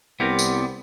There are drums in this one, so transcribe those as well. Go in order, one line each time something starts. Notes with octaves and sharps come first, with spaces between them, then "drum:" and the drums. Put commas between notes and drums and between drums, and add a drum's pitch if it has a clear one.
C2 B3 C4 E4 G4 A#4 D5
drum: tambourine